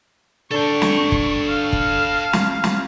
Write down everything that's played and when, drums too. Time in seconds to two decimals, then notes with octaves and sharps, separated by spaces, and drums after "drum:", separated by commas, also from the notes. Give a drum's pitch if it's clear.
0.51 D3 D4 A4 G5 C#6
0.82 drum: snare
1.12 drum: kick
1.49 F5
1.73 drum: kick
2.33 drum: snare
2.64 drum: snare